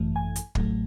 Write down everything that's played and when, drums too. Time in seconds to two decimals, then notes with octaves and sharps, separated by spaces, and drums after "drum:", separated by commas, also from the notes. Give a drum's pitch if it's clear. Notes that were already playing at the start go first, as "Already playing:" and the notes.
Already playing: G#1 F#2 E3 A3
0.16 G#5
0.36 drum: hi-hat
0.55 A1 A2 F#3 A3, drum: kick